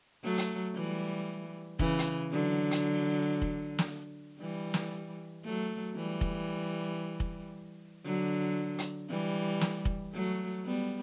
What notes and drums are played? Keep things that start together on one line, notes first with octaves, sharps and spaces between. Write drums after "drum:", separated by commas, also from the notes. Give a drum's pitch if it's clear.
F#3 A3
drum: hi-hat
E3 G3
C#3 E3, drum: kick
drum: hi-hat
D3 F#3
drum: hi-hat
drum: kick
drum: snare
E3 G3
drum: snare
F#3 A3
E3 G3
drum: kick
drum: kick
D3 F#3
drum: hi-hat
E3 G3
drum: snare
drum: kick
F#3 A3
G3 B3